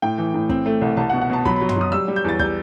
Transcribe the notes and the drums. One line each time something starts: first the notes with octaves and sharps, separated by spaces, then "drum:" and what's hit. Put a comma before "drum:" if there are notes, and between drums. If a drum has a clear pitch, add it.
A2 G5
E3
A2
C4, drum: kick
A3
C2
C2 A5
F#5
B2
F#5
B2 A5
F#3 B5, drum: kick
B5
F#3
C6, drum: tom
F#3 D#6
G3 E6
G3
G6
E2 A6
G3 G6, drum: kick